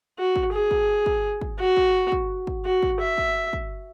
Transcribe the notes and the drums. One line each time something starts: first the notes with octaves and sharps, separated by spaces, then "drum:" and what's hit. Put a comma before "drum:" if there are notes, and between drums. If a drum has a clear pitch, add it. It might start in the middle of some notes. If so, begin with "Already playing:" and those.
F#4
drum: kick
G#4
drum: kick
drum: kick
drum: kick
F#4
drum: kick
drum: kick
drum: kick
F#4
drum: kick
E5
drum: kick
drum: kick